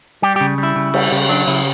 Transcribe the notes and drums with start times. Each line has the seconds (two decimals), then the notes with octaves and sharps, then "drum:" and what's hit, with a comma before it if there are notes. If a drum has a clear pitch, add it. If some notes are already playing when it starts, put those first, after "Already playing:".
0.22 G3 G4
0.36 G4
0.41 C#3
0.58 G3 E4
0.76 C#3
0.94 G3, drum: cymbal
1.12 C#3
1.29 F#3 D4
1.47 C#3 E4